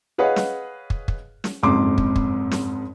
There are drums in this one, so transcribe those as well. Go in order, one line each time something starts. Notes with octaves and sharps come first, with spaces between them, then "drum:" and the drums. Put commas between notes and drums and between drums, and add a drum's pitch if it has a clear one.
G#4 B4 C#5 D#5 F5 F#5
drum: snare
drum: kick
drum: kick
drum: snare
F#1 F2 G#2 C6 D6
drum: kick
drum: kick
drum: snare